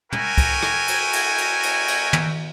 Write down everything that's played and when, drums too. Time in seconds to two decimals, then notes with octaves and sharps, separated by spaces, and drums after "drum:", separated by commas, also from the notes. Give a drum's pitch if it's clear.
0.13 E4 F#4 A#4 C#5 G5 G#5, drum: tom
0.38 drum: kick, cymbal
0.63 drum: rim click
0.88 drum: cymbal
1.13 drum: cymbal
1.38 drum: cymbal
1.63 drum: cymbal
1.88 drum: cymbal
2.13 drum: tom